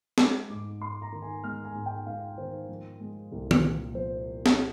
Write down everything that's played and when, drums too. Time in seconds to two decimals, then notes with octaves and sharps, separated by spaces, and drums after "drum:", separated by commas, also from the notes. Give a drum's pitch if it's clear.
0.18 G#3 D6, drum: snare
0.50 G#2 D6
0.82 G#2 C6
1.02 A#5
1.12 D#3
1.22 G#5
1.44 G#3 F6
1.65 G#5
1.75 G#2
1.86 G5
2.06 G#2 F5
2.38 D#3 C5
2.68 F3
3.00 G#3
3.32 C2
3.51 drum: tom D#3
3.63 A#2
3.94 F3 C5
4.46 drum: snare